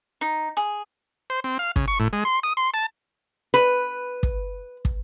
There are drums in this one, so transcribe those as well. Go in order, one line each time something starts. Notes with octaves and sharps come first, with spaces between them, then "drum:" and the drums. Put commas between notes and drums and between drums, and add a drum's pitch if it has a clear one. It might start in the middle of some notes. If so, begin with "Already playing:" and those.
D#4
G#4
C5
C4
F5
C#3, drum: kick
C#6
A2
G#3
C6
D#6
C6
A5
B4
drum: kick
drum: kick